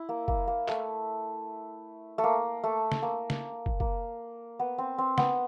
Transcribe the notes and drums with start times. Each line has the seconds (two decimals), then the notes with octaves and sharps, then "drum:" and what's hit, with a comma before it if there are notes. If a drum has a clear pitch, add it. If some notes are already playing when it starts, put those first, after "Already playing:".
Already playing: E4
0.09 A#3
0.28 A#3, drum: kick
0.48 A#3
0.68 A3, drum: clap
2.18 A3
2.24 A#3
2.64 A3
2.92 drum: snare
3.02 A#3
3.30 drum: snare
3.66 drum: kick
3.80 A#3, drum: kick
4.60 B3
4.78 C4
4.98 C4
5.18 B3, drum: snare